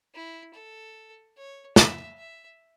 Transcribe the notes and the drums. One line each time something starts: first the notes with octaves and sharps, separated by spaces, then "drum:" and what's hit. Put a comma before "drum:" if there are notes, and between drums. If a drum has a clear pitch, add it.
E4
A4
C#5
E5, drum: snare
E5